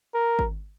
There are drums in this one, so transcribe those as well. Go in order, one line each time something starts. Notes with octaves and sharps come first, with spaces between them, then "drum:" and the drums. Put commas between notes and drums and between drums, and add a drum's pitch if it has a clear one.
A#4
drum: kick G#1